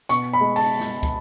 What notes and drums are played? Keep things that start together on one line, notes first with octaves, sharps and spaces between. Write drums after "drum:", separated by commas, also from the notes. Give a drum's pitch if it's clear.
B2 C#6, drum: hi-hat
B5
G#3
A5, drum: open hi-hat
drum: snare
drum: kick, hi-hat